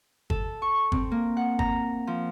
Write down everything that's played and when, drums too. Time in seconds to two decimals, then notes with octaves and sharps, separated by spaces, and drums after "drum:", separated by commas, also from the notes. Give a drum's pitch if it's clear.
0.30 A4, drum: kick G1
0.62 C#6
0.92 C4, drum: kick G1
1.11 A#3
1.37 F#5
1.59 A#5, drum: kick G1
2.07 F3